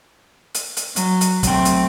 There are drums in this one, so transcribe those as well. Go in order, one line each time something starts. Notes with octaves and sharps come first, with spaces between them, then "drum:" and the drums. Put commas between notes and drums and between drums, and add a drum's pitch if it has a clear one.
drum: hi-hat
drum: hi-hat
F#3, drum: hi-hat
drum: hi-hat
F#3 A3 C4 G5, drum: kick, hi-hat
drum: hi-hat